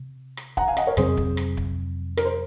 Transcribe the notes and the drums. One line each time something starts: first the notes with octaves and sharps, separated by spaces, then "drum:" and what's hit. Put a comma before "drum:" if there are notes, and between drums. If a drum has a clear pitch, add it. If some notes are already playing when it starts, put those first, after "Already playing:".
Already playing: C3
drum: rim click
F#5 A#5, drum: kick
F5 G#5
D#5 F#5, drum: rim click
A#4 C#5
F2 C3 F#3 C4 G#4 C5, drum: rim click
drum: kick
drum: rim click
drum: kick
A#4, drum: rim click
C5